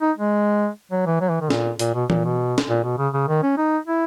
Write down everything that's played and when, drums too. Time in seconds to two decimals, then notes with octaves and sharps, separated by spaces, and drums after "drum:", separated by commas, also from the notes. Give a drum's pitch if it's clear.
0.01 D#4
0.17 G#3
0.91 F#3
1.06 E3
1.21 F#3
1.30 E3
1.41 D#3
1.50 A#2, drum: snare
1.79 A#2, drum: hi-hat
1.94 B2
2.10 A#2, drum: tom E3
2.24 B2
2.58 drum: snare
2.69 A#2
2.84 B2
2.98 C#3
3.13 C#3
3.28 D#3
3.43 C#4
3.57 D#4
3.87 E4